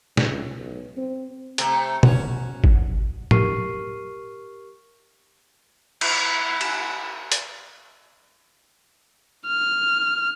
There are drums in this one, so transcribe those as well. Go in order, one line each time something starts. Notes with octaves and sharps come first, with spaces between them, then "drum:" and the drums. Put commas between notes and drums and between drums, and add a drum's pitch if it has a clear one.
C#2, drum: snare
B1
C4
C3 A3 C4, drum: hi-hat
C#4 F#4, drum: tom
drum: kick
G4 A#4 C#6 F6 C7 D#7, drum: tom
E4 F#5, drum: cymbal
drum: cymbal
drum: hi-hat
F6